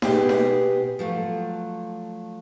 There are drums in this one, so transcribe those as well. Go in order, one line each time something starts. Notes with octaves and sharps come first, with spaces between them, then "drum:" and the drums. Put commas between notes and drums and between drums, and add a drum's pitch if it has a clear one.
B2 B3 G4 G#4, drum: snare D#4
drum: snare D#4
F3 F#3 A3